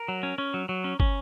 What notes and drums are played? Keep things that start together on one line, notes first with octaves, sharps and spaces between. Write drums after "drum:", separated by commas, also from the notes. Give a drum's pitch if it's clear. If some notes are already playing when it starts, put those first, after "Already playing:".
Already playing: A#4
F#3
C#4
C#4
F#3
F#3
C#4
C#4, drum: kick